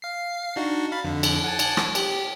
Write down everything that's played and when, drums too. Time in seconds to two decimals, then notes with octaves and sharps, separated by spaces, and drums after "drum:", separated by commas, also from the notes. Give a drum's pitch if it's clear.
0.02 F5 C7
0.56 D4 D#4 F#4
0.92 F5 B5 A6
1.05 F2 D3
1.23 drum: cymbal
1.44 F#5 G#5 A5
1.59 drum: cymbal
1.77 drum: rim click
1.95 G4, drum: cymbal